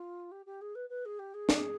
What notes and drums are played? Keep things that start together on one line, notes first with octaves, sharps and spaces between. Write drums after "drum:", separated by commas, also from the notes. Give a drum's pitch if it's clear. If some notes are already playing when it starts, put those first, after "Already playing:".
Already playing: F4
G4
G4
G#4
B4
B4
G#4
G4
G#4
drum: snare